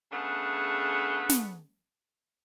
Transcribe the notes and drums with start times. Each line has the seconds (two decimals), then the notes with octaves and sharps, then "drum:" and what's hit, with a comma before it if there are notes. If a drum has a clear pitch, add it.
0.12 C#3 A3 B3 D4 G#4
1.29 drum: snare